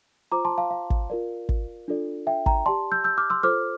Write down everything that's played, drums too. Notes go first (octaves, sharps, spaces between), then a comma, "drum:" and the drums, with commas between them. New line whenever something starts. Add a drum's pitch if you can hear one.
F4 C5 A#5 D6
A5 C6
F5 A5
F5
drum: kick
F4 A#4 D5
drum: kick
D4 F4 A4 D5
E5 G5
G5 A#5, drum: kick
G4 D5 A5 C6
E6 G6
E6 G6
D6 F6
C6 E6
F4 A4 C5 D6 F6